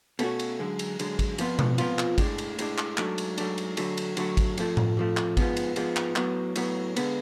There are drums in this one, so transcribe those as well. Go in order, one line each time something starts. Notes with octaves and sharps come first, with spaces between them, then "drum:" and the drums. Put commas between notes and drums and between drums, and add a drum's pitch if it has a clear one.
B2 A3 C#4 F#4, drum: cymbal
drum: cymbal
F#2 D3 G#3
drum: cymbal
F#2 D3 G#3, drum: cymbal
drum: kick G#1, cymbal
F2 F3 B3 F4, drum: cymbal
drum: tom B2
F2 F3 B3 F4, drum: cymbal
drum: clap
A2 G#3 D4, drum: kick G#1, cymbal
drum: cymbal
A2 G#3 D4, drum: cymbal
drum: clap
G#2 F#3 A3 D4, drum: clap
drum: cymbal
G#2 F#3 A3 D4, drum: cymbal
drum: cymbal
D3 F#3 A3, drum: cymbal
drum: cymbal
D3 F#3 A3, drum: cymbal
drum: kick G#1, cymbal
F2 F3 A3, drum: cymbal
drum: tom A2
F2 F3 A3
drum: clap
G#2 F3 G#3 B3, drum: kick G#1, cymbal
drum: cymbal
G#2 F3 G#3 B3, drum: cymbal
drum: clap
A2 F#3 B3, drum: clap
A2 F#3 B3, drum: cymbal
D3 G#3 B3, drum: cymbal